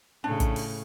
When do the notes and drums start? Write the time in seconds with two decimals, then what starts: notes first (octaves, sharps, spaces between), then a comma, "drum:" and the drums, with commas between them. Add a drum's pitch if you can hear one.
0.24 A2 C#3 D4
0.40 drum: kick, hi-hat
0.56 drum: open hi-hat